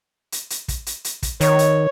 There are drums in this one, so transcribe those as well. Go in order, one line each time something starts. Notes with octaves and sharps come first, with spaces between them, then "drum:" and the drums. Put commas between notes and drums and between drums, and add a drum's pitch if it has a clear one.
drum: hi-hat
drum: hi-hat
drum: kick, hi-hat
drum: hi-hat
drum: hi-hat
drum: kick, hi-hat
D#3 C#5, drum: hi-hat
drum: hi-hat